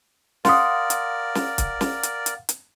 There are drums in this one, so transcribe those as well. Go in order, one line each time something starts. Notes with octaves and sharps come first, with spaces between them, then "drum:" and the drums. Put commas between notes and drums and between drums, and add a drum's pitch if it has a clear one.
A#4 D5 F5 F#5 C6 D#6, drum: snare
drum: hi-hat
drum: snare
drum: kick, hi-hat
drum: snare
drum: hi-hat
drum: hi-hat
drum: hi-hat